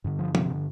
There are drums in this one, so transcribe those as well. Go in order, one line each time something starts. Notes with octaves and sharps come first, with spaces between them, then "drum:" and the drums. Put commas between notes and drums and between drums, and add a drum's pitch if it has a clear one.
G2 D3
F3
C3 C4, drum: tom F3
D3